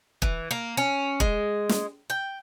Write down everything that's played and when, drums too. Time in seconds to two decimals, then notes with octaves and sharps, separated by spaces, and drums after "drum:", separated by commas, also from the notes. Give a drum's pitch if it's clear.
0.22 E3, drum: kick E1
0.51 A#3
0.77 C#4
1.20 G#3, drum: kick E1
1.69 drum: snare
2.10 G5